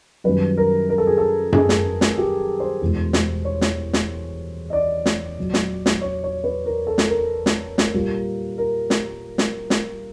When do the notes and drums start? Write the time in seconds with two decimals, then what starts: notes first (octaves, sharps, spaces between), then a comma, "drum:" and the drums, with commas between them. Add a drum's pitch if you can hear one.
0.24 F#2 D#3 G3 B4
0.57 A#4
0.90 A#4
0.98 A4
1.07 G#4
1.18 A4
1.52 G#4, drum: tom F#2
1.69 drum: snare
2.01 drum: snare
2.18 G4
2.60 C5
2.81 E2 B2 G#3
3.13 drum: snare
3.45 C#5
3.61 drum: snare
3.93 drum: snare
4.70 D#5
4.73 D5
5.06 drum: snare
5.38 A#2 F#3
5.54 drum: snare
5.86 drum: snare
6.01 C#5
6.24 C#5
6.44 B4
6.66 A#4
6.87 A4
6.98 drum: snare
7.09 A#4
7.46 drum: snare
7.78 drum: snare
7.94 A#2 G3
8.58 A#4
8.90 drum: snare
9.38 drum: snare
9.70 drum: snare